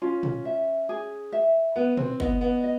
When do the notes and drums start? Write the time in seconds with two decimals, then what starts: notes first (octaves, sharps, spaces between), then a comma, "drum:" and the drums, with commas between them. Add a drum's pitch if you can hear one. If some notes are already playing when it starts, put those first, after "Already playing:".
0.02 C#4 F4
0.23 drum: tom
0.45 E5
0.89 G#4
1.32 E5
1.76 B3 B4
1.97 C4, drum: tom
2.20 B3 D#5, drum: kick F#1
2.41 B3
2.63 D#5